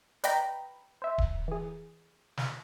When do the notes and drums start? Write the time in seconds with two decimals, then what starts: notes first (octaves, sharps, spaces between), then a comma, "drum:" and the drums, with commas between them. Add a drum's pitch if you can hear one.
0.24 B4 D5 D#5 G5 A#5 B5, drum: hi-hat
1.02 C5 E5
1.18 drum: kick D1
1.48 E3 G#4
2.37 drum: snare